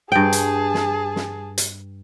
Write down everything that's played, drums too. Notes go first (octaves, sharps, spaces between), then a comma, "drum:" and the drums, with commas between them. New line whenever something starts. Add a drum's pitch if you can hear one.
G2 G#4 G5 A5
drum: hi-hat
drum: snare
drum: snare
drum: hi-hat